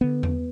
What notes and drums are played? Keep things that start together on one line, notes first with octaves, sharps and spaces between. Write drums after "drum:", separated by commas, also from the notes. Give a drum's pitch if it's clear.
D3 B3
drum: tom E2